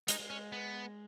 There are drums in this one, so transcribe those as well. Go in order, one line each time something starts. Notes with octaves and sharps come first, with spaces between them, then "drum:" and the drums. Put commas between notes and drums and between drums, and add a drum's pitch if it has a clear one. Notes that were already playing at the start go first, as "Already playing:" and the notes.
G#3 D#4, drum: hi-hat
G#3
C#4
B3